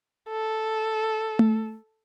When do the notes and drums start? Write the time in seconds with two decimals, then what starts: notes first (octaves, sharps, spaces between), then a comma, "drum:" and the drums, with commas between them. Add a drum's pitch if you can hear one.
0.29 A4
1.39 drum: tom A3